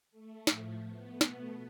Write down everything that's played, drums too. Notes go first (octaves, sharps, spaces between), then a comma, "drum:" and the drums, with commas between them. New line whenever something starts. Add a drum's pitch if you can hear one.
A3
A2 F3 A3, drum: snare
B3
B2 A3, drum: snare